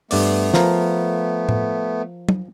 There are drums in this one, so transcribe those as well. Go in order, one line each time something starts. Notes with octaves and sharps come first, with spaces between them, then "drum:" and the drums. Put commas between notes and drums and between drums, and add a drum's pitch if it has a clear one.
G2 A3 B3 D5, drum: open hi-hat
F3 A#4, drum: snare
drum: tom A2
drum: tom